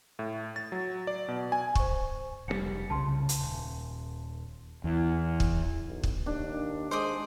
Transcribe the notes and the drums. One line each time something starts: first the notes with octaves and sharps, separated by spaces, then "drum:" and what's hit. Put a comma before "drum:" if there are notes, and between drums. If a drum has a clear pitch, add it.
A2
A6
F#3
D5
B2
G#5
C5 C#6, drum: kick
F1 B2 G3 C#7
C2 C#3 A5 C6
drum: hi-hat
D#1
E2
drum: kick
B1
drum: kick
D#2 D4
G#3 C5 D5 D#6